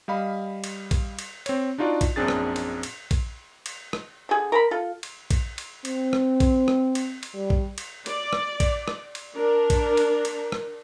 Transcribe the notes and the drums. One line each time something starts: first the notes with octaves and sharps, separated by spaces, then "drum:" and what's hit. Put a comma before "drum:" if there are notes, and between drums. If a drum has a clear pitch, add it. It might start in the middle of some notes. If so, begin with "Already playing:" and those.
G3 D#5 F5 B5
drum: cymbal
drum: kick A#1, cymbal
drum: cymbal
C4 C#5, drum: cymbal
D4 D#4 F4 F#4 D5
drum: kick A#1, cymbal
A#1 F#2 C4 D4 G#4 A6
drum: rim click
drum: cymbal
drum: cymbal
drum: kick A#1, cymbal
drum: cymbal
drum: rim click
D3 G#4
A#4 A5 B5
F4 A4
drum: cymbal
drum: kick A#1, cymbal
drum: cymbal
C4, drum: cymbal
drum: rim click
drum: kick A#1, cymbal
drum: rim click
drum: cymbal
drum: cymbal
G3
drum: kick A#1
drum: cymbal
D5, drum: cymbal
drum: rim click
drum: kick A#1, cymbal
drum: rim click
drum: cymbal
D4 A#4
drum: kick A#1, cymbal
drum: cymbal
drum: cymbal
drum: rim click